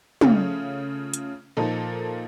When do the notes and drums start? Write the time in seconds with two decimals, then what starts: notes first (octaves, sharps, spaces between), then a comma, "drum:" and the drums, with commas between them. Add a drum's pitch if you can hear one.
0.21 C#3 A3 C#4 F4, drum: tom
1.14 drum: hi-hat
1.57 A#2 F3 A#3 D#4 A4